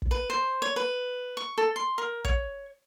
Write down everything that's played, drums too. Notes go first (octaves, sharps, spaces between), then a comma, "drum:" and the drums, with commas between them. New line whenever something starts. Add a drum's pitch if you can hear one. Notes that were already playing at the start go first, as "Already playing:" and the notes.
drum: kick
B4
C5
C#5
B4
C#6
A4
C6
A#4
C#5, drum: kick